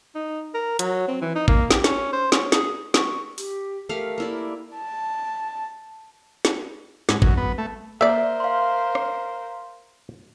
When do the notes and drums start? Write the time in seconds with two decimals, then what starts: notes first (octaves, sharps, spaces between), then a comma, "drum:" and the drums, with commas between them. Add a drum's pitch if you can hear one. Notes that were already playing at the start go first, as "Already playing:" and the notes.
0.15 D#4
0.54 A#4
0.79 F#3, drum: hi-hat
1.08 C4
1.21 E3
1.36 D#4
1.48 A#3, drum: kick
1.71 G4, drum: snare
1.84 C#4, drum: snare
2.13 C5
2.32 C#4, drum: snare
2.52 G#4, drum: snare
2.94 C#6, drum: snare
3.38 G4, drum: open hi-hat
3.89 A3 G4 A#4 F5
4.18 A#3 E4 D5
4.77 A5
6.45 drum: snare
7.09 G#2, drum: snare
7.22 F#2, drum: kick
7.37 B3
7.58 A3
8.01 A#3 A#4 C5 D5 E5
8.40 F5 C6
8.95 drum: rim click